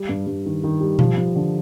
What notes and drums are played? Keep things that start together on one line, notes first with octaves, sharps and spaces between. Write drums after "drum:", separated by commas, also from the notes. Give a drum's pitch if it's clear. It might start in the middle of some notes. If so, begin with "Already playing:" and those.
Already playing: G3
G2
G2
D#3
D#3
G3
F3, drum: tom B2
F3
D3